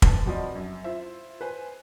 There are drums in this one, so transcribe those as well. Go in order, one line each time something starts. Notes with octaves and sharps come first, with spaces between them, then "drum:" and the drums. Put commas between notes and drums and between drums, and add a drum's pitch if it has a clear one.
D#1 B4 A5, drum: kick
F1 F3 F#4 D5 D#5
F#2
E4 F4 C5 E5
B4 C5 G#5